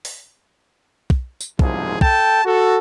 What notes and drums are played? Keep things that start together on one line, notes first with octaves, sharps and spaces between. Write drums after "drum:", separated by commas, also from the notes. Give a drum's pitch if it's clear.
drum: open hi-hat
drum: kick
drum: tambourine
F#1 C2 G#2 F3 G#4, drum: kick
A4 G5 A5, drum: kick
F#4 A4